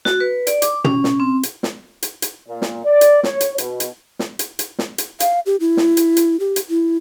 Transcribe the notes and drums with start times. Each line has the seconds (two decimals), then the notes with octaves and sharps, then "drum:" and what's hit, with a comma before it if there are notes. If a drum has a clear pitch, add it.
0.05 F#4, drum: snare
0.20 B4
0.47 D5, drum: hi-hat
0.62 D6, drum: hi-hat
0.84 C#4, drum: tom
1.04 drum: snare
1.20 C4
1.43 drum: hi-hat
1.63 drum: snare
2.03 drum: hi-hat
2.22 drum: hi-hat
2.48 A#2
2.62 drum: snare
2.85 D5
3.01 drum: hi-hat
3.23 C#5, drum: snare
3.41 drum: hi-hat
3.58 B2, drum: hi-hat
3.80 drum: hi-hat
4.19 drum: snare
4.39 drum: hi-hat
4.59 drum: hi-hat
4.79 drum: snare
4.98 drum: hi-hat
5.20 F5, drum: hi-hat
5.46 G4
5.60 E4
5.77 drum: snare
5.97 drum: hi-hat
6.17 drum: hi-hat
6.40 G4
6.56 drum: hi-hat
6.70 E4